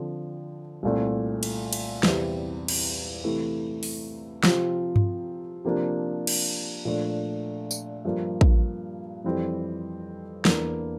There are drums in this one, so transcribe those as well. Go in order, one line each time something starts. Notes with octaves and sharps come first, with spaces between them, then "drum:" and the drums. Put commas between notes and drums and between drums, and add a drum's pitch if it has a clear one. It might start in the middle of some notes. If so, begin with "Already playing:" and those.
Already playing: D3 F3 C4
C2 A#2 A3 C4
drum: cymbal
drum: cymbal
E2 C3 G3 C4 E4, drum: snare
drum: cymbal
C3 E3 A3
drum: open hi-hat
C3 F3 C4 F4, drum: snare
drum: tom G2
C3 F3 A#3 D4
drum: cymbal
A#2 F3 A3 D4
drum: tambourine
G2 F3 A#3
drum: kick
F2 E3 G3 C4
E2 E3 A#3 D4, drum: snare